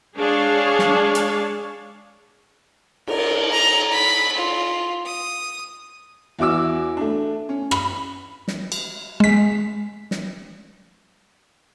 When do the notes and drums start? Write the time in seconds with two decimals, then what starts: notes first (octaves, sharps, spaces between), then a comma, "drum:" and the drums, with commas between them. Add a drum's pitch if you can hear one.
0.16 G#3 D4 G#4 C#5 F5
0.79 drum: snare
1.15 drum: hi-hat
3.07 A#4, drum: cymbal
3.52 A#5
3.91 B5
4.36 F4
5.06 D#6
6.39 E2 E4 F#4 D6 E6
6.97 A3 D4
7.49 C#4
7.71 B5, drum: rim click
8.48 drum: snare
8.72 drum: cymbal
9.20 G#3 B6
10.11 drum: snare